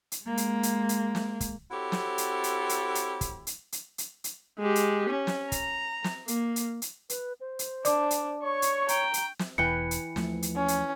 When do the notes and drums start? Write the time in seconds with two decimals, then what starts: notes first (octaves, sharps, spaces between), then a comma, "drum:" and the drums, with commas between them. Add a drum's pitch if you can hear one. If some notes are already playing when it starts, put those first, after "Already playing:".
0.12 drum: hi-hat
0.24 G#3 A#3
0.37 drum: hi-hat
0.63 drum: hi-hat
0.89 drum: hi-hat
1.15 drum: snare
1.40 drum: kick, hi-hat
1.71 C4 E4 F#4 G4 A4 C#5
1.92 drum: snare
2.18 drum: hi-hat
2.44 drum: hi-hat
2.69 drum: hi-hat
2.95 drum: hi-hat
3.21 drum: kick, hi-hat
3.47 drum: hi-hat
3.72 drum: hi-hat
3.98 drum: hi-hat
4.24 drum: hi-hat
4.59 G#3 G4
4.76 drum: hi-hat
5.09 C#4
5.27 drum: snare
5.52 A#5, drum: kick, hi-hat
6.04 drum: snare
6.28 A#3, drum: hi-hat
6.56 drum: hi-hat
6.82 drum: hi-hat
7.09 B4, drum: hi-hat
7.40 C5
7.59 drum: hi-hat
7.85 D4 D5 D6, drum: hi-hat
8.11 drum: hi-hat
8.43 C#5 C#6
8.62 drum: hi-hat
8.88 G5 A#5, drum: hi-hat
9.14 drum: hi-hat
9.39 drum: snare
9.58 E1 E2 E3 B4 G5 C#7
9.91 drum: hi-hat
10.16 D#2 F3 A3, drum: snare
10.42 drum: hi-hat
10.56 C#4
10.68 drum: hi-hat